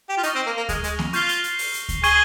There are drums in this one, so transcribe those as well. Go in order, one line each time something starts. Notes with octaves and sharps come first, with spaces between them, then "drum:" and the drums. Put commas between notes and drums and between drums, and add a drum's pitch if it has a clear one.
G4
F4
D#4 C#6 F6 A#6 F7, drum: hi-hat
C4
A#3
A#3
G#3, drum: kick D2, hi-hat
G#3, drum: hi-hat
drum: snare A#3
F4 C#6 G6 C7 G7, drum: hi-hat
drum: hi-hat
drum: hi-hat
drum: open hi-hat
drum: hi-hat
drum: kick D2, hi-hat
G#4 C#6 G#6 D#7 G7, drum: hi-hat